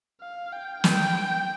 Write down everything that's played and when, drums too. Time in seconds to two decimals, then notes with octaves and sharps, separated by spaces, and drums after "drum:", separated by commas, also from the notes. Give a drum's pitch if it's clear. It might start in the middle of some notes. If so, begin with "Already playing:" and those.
0.22 F5
0.52 G5
0.84 G5, drum: snare